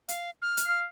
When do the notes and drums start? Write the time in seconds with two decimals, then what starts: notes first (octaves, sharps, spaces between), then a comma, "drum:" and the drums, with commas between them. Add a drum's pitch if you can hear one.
0.09 F5, drum: hi-hat
0.42 F6
0.57 drum: hi-hat
0.67 F5